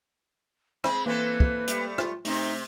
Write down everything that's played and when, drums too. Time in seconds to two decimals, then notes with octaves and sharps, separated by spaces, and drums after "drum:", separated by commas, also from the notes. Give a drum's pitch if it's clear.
0.84 G#3 C4 B5, drum: rim click
1.06 E3 A#3 C4 A4 B4
1.40 drum: kick
1.67 G3 A3, drum: hi-hat
1.98 F4, drum: rim click
2.25 C3 A3 C4 D#4, drum: open hi-hat